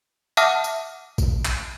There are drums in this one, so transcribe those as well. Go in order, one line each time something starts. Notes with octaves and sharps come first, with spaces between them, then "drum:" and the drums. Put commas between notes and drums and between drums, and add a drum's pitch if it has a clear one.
E5 F#5 A5 D6 D#6 F6, drum: tambourine
drum: tambourine
drum: kick A1, tambourine
drum: clap